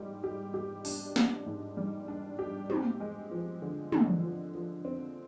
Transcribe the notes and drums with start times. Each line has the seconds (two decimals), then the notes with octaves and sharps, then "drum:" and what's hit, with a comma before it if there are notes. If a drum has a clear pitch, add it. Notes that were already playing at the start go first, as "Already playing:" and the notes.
Already playing: G#2 G3 G4
0.24 G4
0.54 G4
0.85 D4, drum: open hi-hat
1.16 D4, drum: snare
1.46 G#2
1.77 G3
2.08 D4
2.39 G4
2.70 C4, drum: tom
3.00 G#3
3.31 F3
3.62 D3
3.92 D3, drum: tom
4.23 F3
4.54 F3
4.85 C4